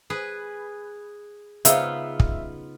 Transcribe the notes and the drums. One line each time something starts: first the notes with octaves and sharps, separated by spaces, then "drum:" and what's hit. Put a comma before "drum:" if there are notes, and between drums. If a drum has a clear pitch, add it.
G#4 B4
C#3 B3 D#4 F4 E5 E6, drum: hi-hat
drum: kick